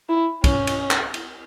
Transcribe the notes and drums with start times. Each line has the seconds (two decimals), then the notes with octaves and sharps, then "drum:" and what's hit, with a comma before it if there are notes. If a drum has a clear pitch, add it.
0.09 E4
0.44 C#4, drum: kick, cymbal
0.67 drum: cymbal
0.91 drum: clap
1.14 drum: cymbal